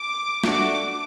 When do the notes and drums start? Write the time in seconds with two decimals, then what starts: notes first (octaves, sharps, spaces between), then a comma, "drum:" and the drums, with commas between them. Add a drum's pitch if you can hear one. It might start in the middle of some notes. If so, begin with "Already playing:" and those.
Already playing: D6
0.44 A3 D4 F#4 D6, drum: snare